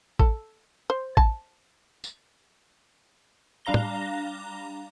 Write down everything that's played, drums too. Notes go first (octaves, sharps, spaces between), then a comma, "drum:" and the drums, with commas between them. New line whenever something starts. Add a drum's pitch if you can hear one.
A4, drum: kick
C5
A5, drum: kick
drum: tambourine
G3 D4 F5 A#5 A#6 G7
drum: tom